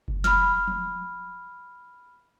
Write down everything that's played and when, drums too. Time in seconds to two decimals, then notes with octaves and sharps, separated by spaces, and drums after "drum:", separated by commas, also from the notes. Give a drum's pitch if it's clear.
0.08 drum: kick F#1
0.24 B5 F6, drum: snare
0.68 drum: tom F3